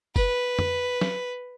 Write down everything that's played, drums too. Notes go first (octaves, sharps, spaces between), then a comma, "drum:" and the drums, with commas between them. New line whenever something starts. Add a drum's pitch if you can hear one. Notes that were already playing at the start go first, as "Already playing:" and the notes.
B4, drum: kick F#1, tambourine
drum: tom
drum: snare